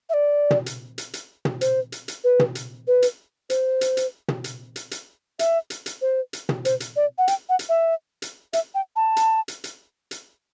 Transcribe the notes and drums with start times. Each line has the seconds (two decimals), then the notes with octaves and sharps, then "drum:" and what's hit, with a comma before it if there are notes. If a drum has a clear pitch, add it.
0.09 E5
0.14 D5
0.51 drum: tom
0.66 drum: hi-hat
0.98 drum: hi-hat
1.14 drum: hi-hat
1.45 drum: tom
1.61 C5, drum: hi-hat
1.92 drum: hi-hat
2.08 drum: hi-hat
2.24 B4
2.39 drum: tom
2.55 drum: hi-hat
2.87 B4
3.02 drum: hi-hat
3.50 C5, drum: hi-hat
3.81 drum: hi-hat
3.97 drum: hi-hat
4.28 drum: tom
4.44 drum: hi-hat
4.76 drum: hi-hat
4.91 drum: hi-hat
5.39 E5, drum: hi-hat
5.70 drum: hi-hat
5.86 drum: hi-hat
6.02 C5
6.33 drum: hi-hat
6.49 drum: tom
6.65 C5, drum: hi-hat
6.80 drum: hi-hat
6.96 D5
7.18 F#5
7.28 G5, drum: hi-hat
7.49 F#5
7.59 drum: hi-hat
7.69 E5
8.22 drum: hi-hat
8.53 E5, drum: hi-hat
8.75 G5
8.96 A5
9.16 drum: hi-hat
9.48 drum: hi-hat
9.64 drum: hi-hat
10.11 drum: hi-hat